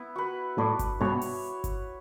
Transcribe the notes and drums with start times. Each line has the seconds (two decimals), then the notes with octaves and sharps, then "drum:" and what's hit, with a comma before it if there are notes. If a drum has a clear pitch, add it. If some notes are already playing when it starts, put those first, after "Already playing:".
Already playing: B3 E4
0.16 F#4 B4
0.58 A2 D4
0.79 drum: kick G1, hi-hat
1.00 G2 B2 F#4 C#5
1.22 drum: open hi-hat
1.64 drum: kick G1, hi-hat